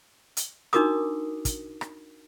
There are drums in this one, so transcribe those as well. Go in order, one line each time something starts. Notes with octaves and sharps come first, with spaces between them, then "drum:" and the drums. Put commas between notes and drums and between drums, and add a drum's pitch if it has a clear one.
drum: hi-hat
D4 D#4 F#4 A#4 D6 D#6, drum: rim click
drum: kick, hi-hat
drum: rim click